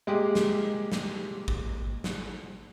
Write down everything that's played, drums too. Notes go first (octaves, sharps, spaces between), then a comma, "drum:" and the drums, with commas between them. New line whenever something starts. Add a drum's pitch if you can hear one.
G#3 A#3 G4 G#4
drum: snare
drum: snare
drum: kick G#1
drum: snare